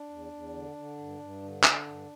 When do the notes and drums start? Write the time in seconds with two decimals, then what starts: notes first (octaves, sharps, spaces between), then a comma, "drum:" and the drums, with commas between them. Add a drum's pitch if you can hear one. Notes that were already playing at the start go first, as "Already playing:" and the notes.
Already playing: D4
0.09 E2
0.32 E2
0.54 D3
0.76 D3
0.98 G2
1.20 G2
1.43 D3
1.64 D3 D4, drum: clap
1.87 G2